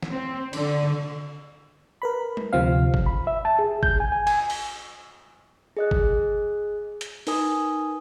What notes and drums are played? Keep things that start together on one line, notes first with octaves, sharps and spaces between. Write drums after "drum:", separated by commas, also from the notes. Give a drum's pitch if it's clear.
drum: snare
C4
D3, drum: cymbal
A#4 B4 B5
drum: tom G3
D2 C3 F3 C4 F5
drum: kick G1
B5
E5
A5
G#4
G6, drum: kick G1
G#5
G#5
G#5, drum: cymbal
drum: open hi-hat
G#4 D#5 F#6
drum: kick G1
drum: hi-hat
D#4 A#4 B4 G#5 D#6, drum: open hi-hat